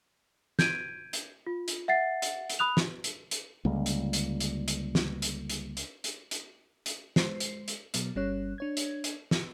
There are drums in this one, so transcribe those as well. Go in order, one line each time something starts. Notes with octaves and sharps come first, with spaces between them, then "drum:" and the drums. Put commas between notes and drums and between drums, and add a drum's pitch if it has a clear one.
G6 G#6 D7 D#7, drum: snare
drum: hi-hat
F4
drum: hi-hat
E5 F#5 A6 C7
drum: hi-hat
drum: hi-hat
B5 D#6 F#6 F7
drum: snare
drum: hi-hat
drum: hi-hat
C#2 D3 G3 A#3
drum: hi-hat
drum: hi-hat
drum: hi-hat
drum: hi-hat
drum: snare
drum: hi-hat
drum: hi-hat
drum: hi-hat
drum: hi-hat
drum: hi-hat
drum: hi-hat
G#3 C5 C7, drum: snare
drum: hi-hat
drum: hi-hat
B2 F#3 B3, drum: hi-hat
G1 G3 C#4 C#5 F#6
D4 C#5 G#6
drum: hi-hat
drum: hi-hat
drum: snare